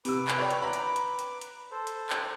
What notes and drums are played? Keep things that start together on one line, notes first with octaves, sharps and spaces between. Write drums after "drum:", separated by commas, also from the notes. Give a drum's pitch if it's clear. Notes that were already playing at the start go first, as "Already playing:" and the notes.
C3 B4 D6 E6, drum: open hi-hat
drum: clap
C#5 D5 G5
drum: hi-hat
A#5 B5
drum: hi-hat
drum: hi-hat
drum: hi-hat
drum: hi-hat
A4 C5
drum: hi-hat
drum: clap